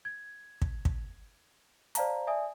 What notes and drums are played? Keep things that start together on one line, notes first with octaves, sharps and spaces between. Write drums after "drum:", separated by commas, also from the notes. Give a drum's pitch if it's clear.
G#6
drum: kick
drum: kick
C5 D5 F5 A5 A#5, drum: hi-hat
D5 E5 G#5 D#6